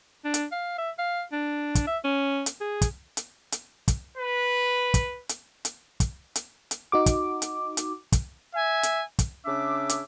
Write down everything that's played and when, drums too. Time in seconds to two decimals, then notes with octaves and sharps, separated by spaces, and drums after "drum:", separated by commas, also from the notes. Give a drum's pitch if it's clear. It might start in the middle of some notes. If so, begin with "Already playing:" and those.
0.24 D4
0.34 drum: hi-hat
0.51 F5
0.78 E5
0.98 F5
1.32 D4
1.75 drum: kick, hi-hat
1.87 E5
2.04 C#4
2.46 drum: hi-hat
2.61 G#4
2.82 drum: kick, hi-hat
3.17 drum: hi-hat
3.52 drum: hi-hat
3.88 drum: kick, hi-hat
4.17 B4
4.94 drum: kick, hi-hat
5.29 drum: hi-hat
5.65 drum: hi-hat
6.00 drum: kick, hi-hat
6.36 drum: hi-hat
6.71 drum: hi-hat
6.92 D#4 F#4 D6
7.06 drum: kick, hi-hat
7.42 drum: hi-hat
7.77 drum: hi-hat
8.12 drum: kick, hi-hat
8.55 E5 G#5
8.83 drum: hi-hat
9.19 drum: kick, hi-hat
9.46 C#3 D4 G#4 E5 D6
9.89 drum: hi-hat